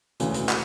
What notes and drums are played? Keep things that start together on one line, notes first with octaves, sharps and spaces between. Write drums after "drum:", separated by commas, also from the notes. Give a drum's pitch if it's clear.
E1 D2 C#3 E3, drum: hi-hat
drum: hi-hat
drum: clap